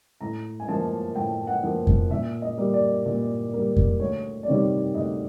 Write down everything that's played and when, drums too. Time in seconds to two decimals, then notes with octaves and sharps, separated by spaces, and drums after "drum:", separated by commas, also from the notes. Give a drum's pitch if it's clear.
0.21 A2 A#5
0.60 G#5
0.68 F3 A#3 A5
1.16 A2 G5
1.47 F#5
1.63 F3 A#3
1.87 drum: kick F2
2.10 A#2 E5
2.42 D#5
2.58 G3 A#3
2.74 D5
3.06 A#2
3.53 G3 A#3
3.77 drum: kick F2
4.00 D2 C#5
4.43 D5
4.47 C3 D#3 G3 C#5
4.95 D2 D#5